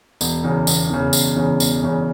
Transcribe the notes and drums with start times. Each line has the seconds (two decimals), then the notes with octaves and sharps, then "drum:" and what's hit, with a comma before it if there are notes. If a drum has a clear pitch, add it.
0.21 E1, drum: tambourine
0.44 E2 C#3
0.67 E1, drum: tambourine
0.90 E2 C#3
1.13 E1, drum: tambourine
1.36 E2 C#3
1.60 E1, drum: tambourine
1.83 E2 C#3